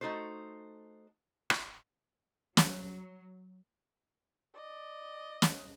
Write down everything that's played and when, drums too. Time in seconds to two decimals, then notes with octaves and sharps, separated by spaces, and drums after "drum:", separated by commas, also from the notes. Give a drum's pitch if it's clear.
0.01 A3 D#4 F#4 A4 C5
1.50 drum: rim click
2.57 F#3, drum: snare
4.56 D5 D#5
5.42 drum: snare